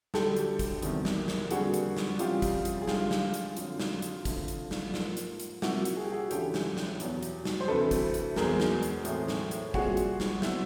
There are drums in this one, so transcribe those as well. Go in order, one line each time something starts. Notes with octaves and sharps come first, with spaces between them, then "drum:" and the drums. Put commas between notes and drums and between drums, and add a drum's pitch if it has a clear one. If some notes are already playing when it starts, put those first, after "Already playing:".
D2 D3 G3 G4 A4, drum: snare
drum: hi-hat
drum: kick, hi-hat
E2 C3 D#3 G3, drum: hi-hat
drum: snare
drum: snare
F2 D3 G3 A#3 F#4 G#4, drum: hi-hat
drum: hi-hat
drum: snare
F2 C#3 E3 G3 F4 G4, drum: hi-hat
drum: kick, hi-hat
drum: hi-hat
G#4
G2 D3 F3 G#3 F4 G4, drum: snare
drum: snare
drum: hi-hat
F2 D3 F#3, drum: hi-hat
drum: snare
drum: hi-hat
F2 D3 F3 A3 C4, drum: kick, hi-hat
drum: hi-hat
drum: snare
G#2 F3 A#3, drum: snare
drum: hi-hat
drum: hi-hat
C2 C3 F3 A#3 E4 F#4, drum: snare
drum: hi-hat
G#4
G4
F#4 G#4
D2 C#3 E3 G4 A4, drum: hi-hat
drum: snare
drum: snare
E2 B2 F#3 B3, drum: hi-hat
drum: hi-hat
drum: snare
C5
D2 C3 E3 A3 C4 A4 B4
drum: kick, hi-hat
drum: hi-hat
E2 B2 G#3 C4 G#4 A#4, drum: snare
drum: snare
drum: hi-hat
A2 E3 A3 C4, drum: hi-hat
drum: snare
drum: hi-hat
A#2 G3 C4 F#4 G#4, drum: kick
drum: hi-hat
drum: snare
B2 G3 C4 E4 F#4, drum: snare